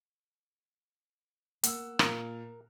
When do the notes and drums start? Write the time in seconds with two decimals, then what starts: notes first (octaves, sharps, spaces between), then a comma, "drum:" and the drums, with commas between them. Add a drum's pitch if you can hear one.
1.64 A#3 F#5 E6, drum: hi-hat
1.99 A#2 F4 A#4, drum: rim click